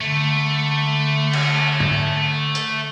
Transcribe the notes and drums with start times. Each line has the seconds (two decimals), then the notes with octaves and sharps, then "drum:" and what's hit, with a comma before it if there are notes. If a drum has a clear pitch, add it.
0.01 D3 A3
1.33 drum: cymbal
1.80 drum: tom
2.55 drum: hi-hat